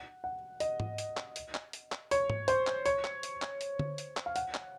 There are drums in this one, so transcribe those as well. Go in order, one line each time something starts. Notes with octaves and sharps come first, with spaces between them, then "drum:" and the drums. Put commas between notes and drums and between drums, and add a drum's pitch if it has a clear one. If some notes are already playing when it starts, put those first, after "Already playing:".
Already playing: F#5
F#5
D#5, drum: hi-hat
drum: tom G#2
drum: hi-hat
drum: clap
drum: hi-hat
drum: clap
drum: hi-hat
drum: clap
C#5, drum: hi-hat
drum: tom G#2
C5, drum: hi-hat
drum: clap
C#5, drum: hi-hat
drum: clap
drum: hi-hat
drum: clap
drum: hi-hat
drum: tom D3
drum: hi-hat
drum: clap
F5
F#5, drum: hi-hat
drum: clap